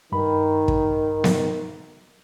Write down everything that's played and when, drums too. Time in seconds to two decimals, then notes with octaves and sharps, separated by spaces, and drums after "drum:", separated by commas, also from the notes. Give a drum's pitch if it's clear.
0.12 G2 D#3 B5
0.68 drum: kick
1.24 drum: snare B3